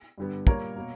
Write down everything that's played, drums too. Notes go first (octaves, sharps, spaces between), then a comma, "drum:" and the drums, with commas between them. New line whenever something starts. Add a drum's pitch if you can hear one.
G2 D3 G3 B3
A#2 G3 A#3 A#4 C#5, drum: kick
B2 A#3